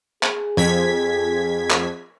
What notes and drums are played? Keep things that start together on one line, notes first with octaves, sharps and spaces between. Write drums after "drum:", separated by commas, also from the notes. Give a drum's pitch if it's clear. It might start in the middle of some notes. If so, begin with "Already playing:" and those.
G#4, drum: clap
F2 G#6 B6
drum: clap